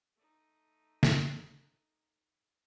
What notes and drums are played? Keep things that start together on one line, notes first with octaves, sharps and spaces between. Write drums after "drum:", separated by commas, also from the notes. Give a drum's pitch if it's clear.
A3 D#4
drum: snare